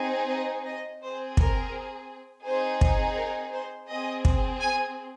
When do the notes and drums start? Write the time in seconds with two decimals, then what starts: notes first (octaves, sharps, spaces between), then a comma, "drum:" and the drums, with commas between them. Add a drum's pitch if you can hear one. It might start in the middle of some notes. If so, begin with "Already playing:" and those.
Already playing: C4 D#4 G#4
0.30 D#5
0.67 D#5
1.02 C4 G#4 C5
1.37 A#4, drum: kick
2.45 C4 D#4 G#4 C5
2.81 drum: kick
3.17 A#4
3.53 C5
3.89 C4 G#4 D#5
4.25 drum: kick
4.61 G#5